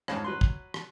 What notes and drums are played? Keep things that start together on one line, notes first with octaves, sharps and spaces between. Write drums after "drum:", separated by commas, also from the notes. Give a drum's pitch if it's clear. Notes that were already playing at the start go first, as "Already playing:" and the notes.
F2 G#2 C#4 F5 G#5 A5, drum: rim click
F#3 B4 C6
drum: kick
drum: rim click